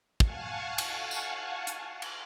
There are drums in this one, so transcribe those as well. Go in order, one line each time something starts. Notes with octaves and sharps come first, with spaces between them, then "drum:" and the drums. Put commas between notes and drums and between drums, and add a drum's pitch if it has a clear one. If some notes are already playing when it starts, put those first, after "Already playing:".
F5 F#5 G#5 A5 C#6, drum: kick
drum: cymbal
drum: tambourine
drum: hi-hat
drum: cymbal